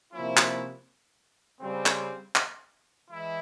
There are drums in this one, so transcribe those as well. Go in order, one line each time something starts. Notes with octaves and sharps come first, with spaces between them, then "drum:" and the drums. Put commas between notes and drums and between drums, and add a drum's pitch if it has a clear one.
C3 F3 A#3 C#4 E4
drum: clap
C#3 G3 C4
drum: clap
drum: clap
E3 G#3 E4